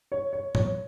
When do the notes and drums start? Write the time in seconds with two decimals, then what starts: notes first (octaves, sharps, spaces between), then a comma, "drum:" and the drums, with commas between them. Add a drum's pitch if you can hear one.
0.12 C#5
0.33 C#5
0.55 C#5, drum: tom